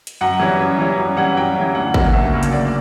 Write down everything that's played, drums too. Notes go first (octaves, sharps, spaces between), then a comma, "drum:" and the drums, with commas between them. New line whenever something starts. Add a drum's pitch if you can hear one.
drum: hi-hat
F#2 F#5
E3 G3 C#4
F#2
E3 G3 C#4
F#2
E3 G3 C#4 F#5
F#2 G5
E3 G3 C#4
D2 F#5
C#3 F#3 A#3, drum: kick
D2 E5
C#3 F#3 A#3
drum: hi-hat
D2 D5